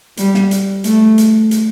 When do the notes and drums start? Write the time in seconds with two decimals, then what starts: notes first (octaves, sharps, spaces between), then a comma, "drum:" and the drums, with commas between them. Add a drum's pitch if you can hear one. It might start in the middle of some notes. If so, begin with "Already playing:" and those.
0.17 G3, drum: hi-hat
0.34 drum: snare
0.51 drum: hi-hat
0.84 A3, drum: hi-hat
1.18 drum: hi-hat
1.51 drum: hi-hat